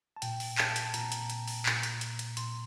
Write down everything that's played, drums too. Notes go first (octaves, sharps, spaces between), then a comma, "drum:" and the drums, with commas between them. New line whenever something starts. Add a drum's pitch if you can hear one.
A5
A#2 G5, drum: hi-hat
drum: open hi-hat
A5, drum: clap
drum: hi-hat
A5
A#2 A#5, drum: hi-hat
drum: hi-hat
drum: hi-hat
drum: open hi-hat
A#2, drum: clap
drum: hi-hat
drum: hi-hat
drum: hi-hat
A#2 C6, drum: hi-hat